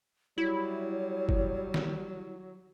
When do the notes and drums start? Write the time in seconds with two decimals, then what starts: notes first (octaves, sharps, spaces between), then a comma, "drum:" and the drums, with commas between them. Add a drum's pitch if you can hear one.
0.38 F#3 G3 E4 C#5
1.29 drum: kick
1.74 drum: snare